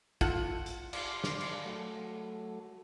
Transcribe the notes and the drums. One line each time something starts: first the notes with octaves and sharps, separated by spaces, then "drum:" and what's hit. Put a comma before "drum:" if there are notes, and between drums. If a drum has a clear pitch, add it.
F4 A4 F#5, drum: kick
drum: hi-hat
D5 F5 C6, drum: cymbal
drum: snare
drum: cymbal
F#3 A3